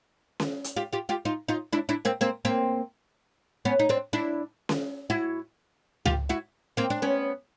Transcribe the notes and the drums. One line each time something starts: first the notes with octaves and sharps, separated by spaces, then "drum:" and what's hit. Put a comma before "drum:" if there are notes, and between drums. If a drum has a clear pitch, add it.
drum: snare C#4
drum: hi-hat
F4 G4
F4 G4
F4 G4
D#4 F4
D#4 F4
D4 E4
D4 E4
A#3 C4
A#3 C4
A#3 C4
B3 C#4
D#4
C4 D4
D4 E4
drum: snare C#4
E4 F#4
F4 G4, drum: tom C#2
E4 F#4
A#3 C4
D4
B3 C#4